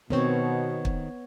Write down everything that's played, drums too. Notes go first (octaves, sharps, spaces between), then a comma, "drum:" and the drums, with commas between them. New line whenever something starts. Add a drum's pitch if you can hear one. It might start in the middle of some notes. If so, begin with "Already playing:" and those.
B2 D#3 B3 C4 C#5
drum: kick